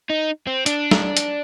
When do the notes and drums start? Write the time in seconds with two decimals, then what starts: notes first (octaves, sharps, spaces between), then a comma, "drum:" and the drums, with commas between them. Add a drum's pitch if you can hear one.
0.10 D#4
0.47 C4
0.66 D4, drum: hi-hat
0.91 drum: snare
1.17 drum: hi-hat